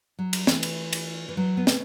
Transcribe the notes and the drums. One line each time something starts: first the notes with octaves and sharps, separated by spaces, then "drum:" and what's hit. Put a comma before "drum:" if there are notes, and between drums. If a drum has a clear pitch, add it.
F#3
drum: cymbal
E3 A3, drum: snare
drum: cymbal
drum: cymbal
E3
F#3
B3
A3 C#4, drum: snare